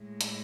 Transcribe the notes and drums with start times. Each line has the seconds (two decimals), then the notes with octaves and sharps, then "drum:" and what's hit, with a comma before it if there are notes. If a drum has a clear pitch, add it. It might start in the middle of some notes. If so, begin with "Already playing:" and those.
Already playing: A2 G#3
0.21 drum: hi-hat